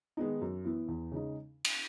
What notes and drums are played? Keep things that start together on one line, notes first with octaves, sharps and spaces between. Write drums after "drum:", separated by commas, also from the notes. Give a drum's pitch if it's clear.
D#3 G#3 B3 D#4
F#2
E3 B3 E4
E2
C#3 G#3 D#4
drum: cymbal